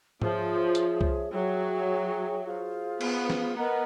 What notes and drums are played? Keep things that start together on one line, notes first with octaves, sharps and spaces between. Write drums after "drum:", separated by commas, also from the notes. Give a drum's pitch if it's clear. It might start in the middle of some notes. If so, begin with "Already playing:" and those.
F3 G#4 C#5 E5, drum: tom G#2
drum: hi-hat
drum: kick C2
F#3 G#4 C#5 E5 G5
F4 G#4 C5 F5
B3, drum: cymbal
drum: snare
B3 A#4 D#5 F#5 A#5